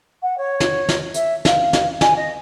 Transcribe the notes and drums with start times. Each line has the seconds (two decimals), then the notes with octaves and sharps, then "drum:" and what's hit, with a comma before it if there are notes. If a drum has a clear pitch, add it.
0.22 F#5
0.37 C#5
0.60 drum: snare
0.89 drum: snare
1.14 E5, drum: hi-hat
1.45 F5, drum: snare
1.73 drum: snare
2.01 G#5, drum: snare
2.16 D#5